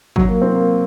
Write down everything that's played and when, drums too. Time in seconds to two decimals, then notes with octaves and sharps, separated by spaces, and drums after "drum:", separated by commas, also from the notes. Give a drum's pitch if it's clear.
0.16 F#3, drum: kick G#1
0.29 A#3
0.42 C4
0.55 A#3